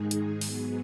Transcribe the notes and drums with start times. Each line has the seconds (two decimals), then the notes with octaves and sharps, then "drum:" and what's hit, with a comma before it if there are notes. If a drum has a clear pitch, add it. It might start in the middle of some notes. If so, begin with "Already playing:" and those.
Already playing: G#2 D#3 G#3 D#4 G#4
0.11 drum: hi-hat
0.41 G#2 F#3 B3 G#4, drum: open hi-hat